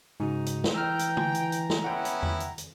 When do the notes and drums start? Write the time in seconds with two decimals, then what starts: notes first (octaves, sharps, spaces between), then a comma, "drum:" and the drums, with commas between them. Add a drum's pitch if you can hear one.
0.20 G#2 C#3 D#4 F#4
0.46 drum: hi-hat
0.64 drum: snare
0.74 E3 G5 A#5 E6 F6
0.99 drum: hi-hat
1.17 G#5, drum: tom
1.35 drum: hi-hat
1.52 drum: hi-hat
1.70 drum: snare
1.84 B3 C#4 E4 F#5 G5
2.05 drum: hi-hat
2.23 drum: tom E2
2.40 drum: hi-hat
2.58 drum: hi-hat